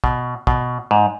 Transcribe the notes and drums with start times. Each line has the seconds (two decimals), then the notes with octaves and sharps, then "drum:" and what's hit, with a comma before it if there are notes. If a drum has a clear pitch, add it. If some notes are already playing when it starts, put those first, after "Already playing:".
0.04 B2, drum: kick
0.47 B2, drum: kick
0.91 G#2